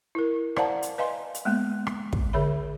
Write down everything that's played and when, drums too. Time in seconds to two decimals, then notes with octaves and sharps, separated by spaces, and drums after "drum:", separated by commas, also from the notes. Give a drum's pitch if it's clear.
0.15 E4 A#4
0.56 C5 D5 F5 F#5 A5 A#5, drum: rim click
0.82 drum: hi-hat
0.98 B4 D#5 F5 G#5 A#5 C6
1.35 drum: hi-hat
1.45 G#3 A#3 B3
1.87 drum: rim click
2.13 drum: kick
2.33 D3 G#4 C#5 E5 B5